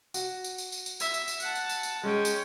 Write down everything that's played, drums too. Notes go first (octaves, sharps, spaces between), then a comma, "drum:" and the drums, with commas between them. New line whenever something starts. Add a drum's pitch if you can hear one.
F#4, drum: tambourine
drum: tambourine
drum: tambourine
drum: tambourine
drum: tambourine
E5, drum: tambourine
drum: tambourine
drum: tambourine
F#5 A5, drum: tambourine
drum: tambourine
drum: tambourine
drum: tambourine
G#3 C#4 G5
drum: tambourine